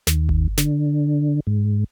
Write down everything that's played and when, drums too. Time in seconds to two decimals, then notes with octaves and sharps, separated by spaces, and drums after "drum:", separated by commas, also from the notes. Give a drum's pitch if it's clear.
0.07 D#2, drum: snare
0.29 drum: kick G1
0.58 D3, drum: snare
1.47 G#2